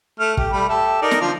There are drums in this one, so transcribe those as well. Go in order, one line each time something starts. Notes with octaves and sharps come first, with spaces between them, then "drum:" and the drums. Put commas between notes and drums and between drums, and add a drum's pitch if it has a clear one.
A3 F6
G4, drum: kick
G3 A3 B5
G4 A4 E5
D#4 A#4 D5
drum: snare
D3 F3 F4